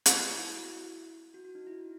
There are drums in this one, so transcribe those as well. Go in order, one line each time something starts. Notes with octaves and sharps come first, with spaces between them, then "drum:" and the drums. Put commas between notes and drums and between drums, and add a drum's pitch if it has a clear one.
E4, drum: hi-hat
E4
F#4
E4
F#4
F#4
D#4
E4